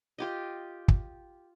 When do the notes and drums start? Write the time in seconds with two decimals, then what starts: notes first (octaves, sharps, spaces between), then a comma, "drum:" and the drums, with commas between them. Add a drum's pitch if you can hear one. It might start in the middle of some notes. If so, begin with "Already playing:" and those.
0.18 F4 G4 D#5
0.88 drum: kick